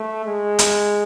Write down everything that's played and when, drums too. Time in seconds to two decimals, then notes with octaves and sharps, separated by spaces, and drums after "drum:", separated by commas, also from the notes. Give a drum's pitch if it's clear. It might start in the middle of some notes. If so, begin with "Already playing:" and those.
Already playing: A3
0.25 G#3
0.59 drum: hi-hat